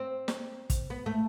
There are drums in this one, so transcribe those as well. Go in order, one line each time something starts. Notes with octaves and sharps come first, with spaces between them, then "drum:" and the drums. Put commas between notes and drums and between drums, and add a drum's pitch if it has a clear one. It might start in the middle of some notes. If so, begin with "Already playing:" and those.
Already playing: C4
drum: snare
drum: kick, hi-hat
B3
A3